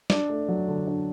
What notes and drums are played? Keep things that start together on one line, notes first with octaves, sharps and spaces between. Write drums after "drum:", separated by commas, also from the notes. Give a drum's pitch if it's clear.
D4, drum: snare
A3
F#3
D3
D4